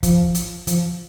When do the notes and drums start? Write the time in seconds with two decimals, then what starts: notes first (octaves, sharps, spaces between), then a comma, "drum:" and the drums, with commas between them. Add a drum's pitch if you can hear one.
0.03 F3, drum: kick, hi-hat
0.35 drum: hi-hat
0.67 F3, drum: hi-hat